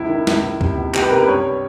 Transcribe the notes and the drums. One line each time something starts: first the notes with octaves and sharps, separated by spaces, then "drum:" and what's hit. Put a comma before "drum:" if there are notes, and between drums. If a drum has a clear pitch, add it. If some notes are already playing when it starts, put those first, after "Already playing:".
Already playing: C#2 E4
D#3
C#2, drum: snare
C#2
C3, drum: kick C#2
C#2
C#2 G4, drum: clap
B4
C3 A#4
B4
G2 C#5